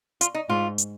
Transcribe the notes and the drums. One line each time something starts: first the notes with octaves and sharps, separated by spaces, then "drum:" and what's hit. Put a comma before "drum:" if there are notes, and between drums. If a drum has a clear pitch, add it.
F4, drum: hi-hat
D#4
G#2 F4
drum: hi-hat